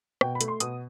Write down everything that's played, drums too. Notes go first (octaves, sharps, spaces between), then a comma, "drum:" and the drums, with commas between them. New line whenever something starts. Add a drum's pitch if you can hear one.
B2 G5, drum: rim click
B5
A3, drum: hi-hat
C6
B2 D#6, drum: hi-hat